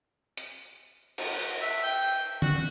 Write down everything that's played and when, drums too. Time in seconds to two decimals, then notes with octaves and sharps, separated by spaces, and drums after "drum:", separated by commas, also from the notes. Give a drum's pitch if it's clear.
0.37 drum: hi-hat
1.18 drum: cymbal
1.61 E5
1.84 G5
2.42 F#4, drum: tom D3